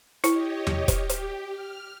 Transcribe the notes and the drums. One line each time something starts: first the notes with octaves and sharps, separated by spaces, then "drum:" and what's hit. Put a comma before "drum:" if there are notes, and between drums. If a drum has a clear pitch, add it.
E4 G4 C#5 D#5, drum: hi-hat
drum: tom E2
drum: kick, hi-hat
G4
drum: hi-hat
F6